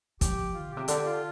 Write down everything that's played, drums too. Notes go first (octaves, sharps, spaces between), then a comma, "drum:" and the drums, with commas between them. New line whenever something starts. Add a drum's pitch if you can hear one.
F3 G4, drum: kick, hi-hat
F4
B2
G4
C3
D3 G4, drum: hi-hat
F4